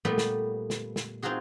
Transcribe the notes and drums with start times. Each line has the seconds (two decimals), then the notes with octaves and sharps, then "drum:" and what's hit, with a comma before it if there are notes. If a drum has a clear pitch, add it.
0.05 A#2 G3 A3 B3
0.18 drum: snare
0.70 drum: snare
0.96 drum: snare
1.23 C4 D#4 F4 F#4 G#4